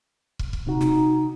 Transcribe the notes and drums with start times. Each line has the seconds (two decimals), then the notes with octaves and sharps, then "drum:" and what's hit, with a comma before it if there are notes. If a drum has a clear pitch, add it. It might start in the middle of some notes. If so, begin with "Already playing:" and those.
0.39 drum: kick
0.53 drum: kick
0.67 C3 D#4 F#4
0.81 drum: snare